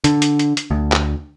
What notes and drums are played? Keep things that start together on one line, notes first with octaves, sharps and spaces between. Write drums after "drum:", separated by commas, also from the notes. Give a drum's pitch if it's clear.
D3, drum: hi-hat
drum: hi-hat
drum: hi-hat
drum: hi-hat
D2
drum: clap